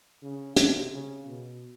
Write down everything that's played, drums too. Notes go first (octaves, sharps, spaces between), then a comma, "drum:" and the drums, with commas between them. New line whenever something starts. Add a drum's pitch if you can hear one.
C#3
C3, drum: hi-hat
C#3
B2